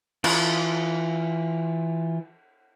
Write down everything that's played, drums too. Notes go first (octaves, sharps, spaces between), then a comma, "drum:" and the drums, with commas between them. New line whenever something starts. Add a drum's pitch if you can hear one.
E3 F4, drum: cymbal